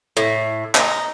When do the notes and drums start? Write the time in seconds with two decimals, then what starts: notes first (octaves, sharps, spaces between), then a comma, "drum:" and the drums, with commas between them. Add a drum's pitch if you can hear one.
0.17 A2
0.75 D#4, drum: clap